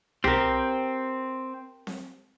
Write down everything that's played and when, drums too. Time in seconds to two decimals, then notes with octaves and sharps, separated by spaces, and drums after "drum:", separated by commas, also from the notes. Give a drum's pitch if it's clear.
0.24 C4 G4 A#4, drum: tom C2
1.87 drum: snare C4